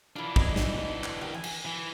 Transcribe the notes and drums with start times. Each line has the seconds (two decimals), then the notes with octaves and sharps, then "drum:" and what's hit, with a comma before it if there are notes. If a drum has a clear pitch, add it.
0.16 E3 D4 E4 F4
0.36 D#4 G#5, drum: kick
0.56 drum: snare
1.04 drum: clap
1.21 D#3 G4 A#4
1.34 G#5
1.44 drum: cymbal
1.66 E3